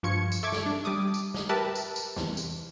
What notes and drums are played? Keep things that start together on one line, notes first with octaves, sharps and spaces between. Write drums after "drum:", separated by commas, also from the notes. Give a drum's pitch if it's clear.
G2 F3 C#6 G#6 C#7
drum: tambourine
A4 E5 C#6 D6 G#6
drum: snare
D4
G3 D6 D#6
drum: tambourine
drum: snare
G4 A#4 B4 E5 A5
drum: tambourine
drum: tambourine
E2 C3, drum: snare
drum: tambourine